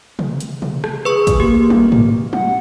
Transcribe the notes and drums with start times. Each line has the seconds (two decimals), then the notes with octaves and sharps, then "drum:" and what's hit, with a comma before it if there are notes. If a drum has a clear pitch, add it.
0.19 drum: tom C3
0.40 drum: hi-hat
0.62 drum: tom B2
0.84 drum: rim click
1.05 G#4 B4 C#6
1.27 drum: kick, hi-hat
1.40 A#3 G4
1.70 drum: tom
1.92 drum: tom G#2
2.33 F#5, drum: tom